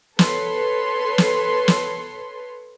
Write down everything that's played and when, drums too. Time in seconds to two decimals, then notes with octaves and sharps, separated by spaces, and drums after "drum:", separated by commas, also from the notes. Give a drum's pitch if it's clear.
0.19 A4 B4 C#5 C6, drum: snare
1.18 drum: snare
1.68 drum: snare